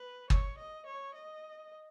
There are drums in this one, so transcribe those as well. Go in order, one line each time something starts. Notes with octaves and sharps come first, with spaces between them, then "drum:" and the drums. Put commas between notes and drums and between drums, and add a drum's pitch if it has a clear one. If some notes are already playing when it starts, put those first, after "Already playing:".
Already playing: B4
C#5, drum: kick
D#5
C#5
D#5